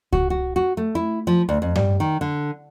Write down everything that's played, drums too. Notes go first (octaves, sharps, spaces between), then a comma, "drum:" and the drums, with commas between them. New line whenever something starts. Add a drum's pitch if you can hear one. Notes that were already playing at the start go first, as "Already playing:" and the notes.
F#4, drum: kick C#2
F#4
F#4
A3
E4
F3
D2
F2
G3, drum: tom G2
D#3
D3